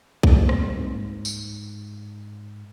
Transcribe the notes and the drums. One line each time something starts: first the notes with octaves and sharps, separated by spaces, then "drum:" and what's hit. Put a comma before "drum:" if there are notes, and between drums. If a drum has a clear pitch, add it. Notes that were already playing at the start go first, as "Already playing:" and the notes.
G3 A3 A#3 C4, drum: kick B1
drum: rim click
G#2
drum: tambourine